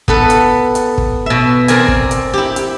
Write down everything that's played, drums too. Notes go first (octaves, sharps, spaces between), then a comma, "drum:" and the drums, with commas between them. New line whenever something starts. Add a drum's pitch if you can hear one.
B3 A4 B4, drum: kick
drum: hi-hat
drum: hi-hat
drum: kick
B2 E5
C4 A#4 D5 G#5, drum: hi-hat
drum: kick
drum: hi-hat
E4 G4
drum: hi-hat